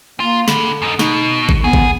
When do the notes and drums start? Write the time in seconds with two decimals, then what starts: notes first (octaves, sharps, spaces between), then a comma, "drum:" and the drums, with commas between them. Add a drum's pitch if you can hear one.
0.20 A#3 F4
0.48 D3 D4 B5, drum: snare
0.82 F#2 D#4
0.99 B2 D#4, drum: snare
1.49 drum: kick G#1
1.64 B3 G#4
1.73 drum: kick G#1